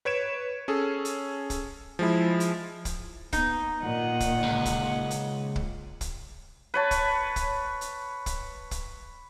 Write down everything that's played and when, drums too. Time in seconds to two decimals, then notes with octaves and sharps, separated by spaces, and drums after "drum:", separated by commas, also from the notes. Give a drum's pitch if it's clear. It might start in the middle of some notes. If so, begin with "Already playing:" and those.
0.05 B4 C#5 G#6 D7 E7
0.68 C#4 G#4 A4
1.05 drum: hi-hat
1.50 drum: kick, hi-hat
1.99 F3 G#3 E4
2.40 drum: hi-hat
2.85 drum: kick, hi-hat
3.33 B3 D#4, drum: kick, hi-hat
3.82 A#2 D#3 D#5 F#5
4.20 drum: kick, hi-hat
4.43 C#2
4.65 drum: kick, hi-hat
5.11 drum: hi-hat
5.56 drum: kick
6.01 drum: kick, hi-hat
6.74 B4 C#5 A5
6.91 drum: kick, hi-hat
7.36 drum: kick, hi-hat
7.81 drum: hi-hat
8.26 drum: kick, hi-hat
8.71 drum: kick, hi-hat